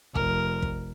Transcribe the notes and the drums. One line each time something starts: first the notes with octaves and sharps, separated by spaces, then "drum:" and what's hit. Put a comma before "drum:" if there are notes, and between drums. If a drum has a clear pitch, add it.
F1 A#4, drum: kick
drum: kick